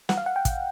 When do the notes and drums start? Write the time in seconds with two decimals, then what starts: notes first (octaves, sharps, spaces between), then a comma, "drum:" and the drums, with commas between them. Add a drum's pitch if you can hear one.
0.09 F#5, drum: snare
0.17 F5
0.26 F#5
0.36 G5
0.45 drum: kick, hi-hat